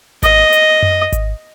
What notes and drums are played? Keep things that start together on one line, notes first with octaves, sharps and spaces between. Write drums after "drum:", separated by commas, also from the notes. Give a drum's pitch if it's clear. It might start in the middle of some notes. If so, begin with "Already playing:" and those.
D#5, drum: kick G#1, hi-hat
drum: hi-hat
drum: tom F#2
drum: kick G#1, hi-hat